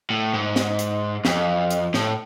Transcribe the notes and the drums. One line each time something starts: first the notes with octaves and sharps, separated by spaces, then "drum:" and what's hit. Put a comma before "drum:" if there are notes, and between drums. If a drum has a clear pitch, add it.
A2
G#2
drum: snare
drum: hi-hat
F2, drum: snare
drum: hi-hat
A2, drum: snare